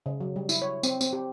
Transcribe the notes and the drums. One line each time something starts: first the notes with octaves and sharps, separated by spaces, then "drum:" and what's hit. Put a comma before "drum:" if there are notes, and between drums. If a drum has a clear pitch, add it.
C#3
F#3
G3
E4, drum: tambourine
C#5
C4, drum: tambourine
C4, drum: tambourine
G4